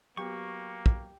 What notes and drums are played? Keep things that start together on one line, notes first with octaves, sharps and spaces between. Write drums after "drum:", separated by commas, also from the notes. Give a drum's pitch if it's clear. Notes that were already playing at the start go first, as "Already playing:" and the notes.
F#3 A#3 B3 G4 C#6
drum: kick